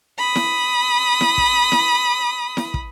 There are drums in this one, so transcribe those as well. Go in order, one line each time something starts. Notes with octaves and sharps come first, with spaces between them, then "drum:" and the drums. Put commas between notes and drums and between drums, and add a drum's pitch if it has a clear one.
B5 D#6
drum: snare E4
drum: snare E4
drum: kick
drum: snare E4
drum: snare E4
drum: kick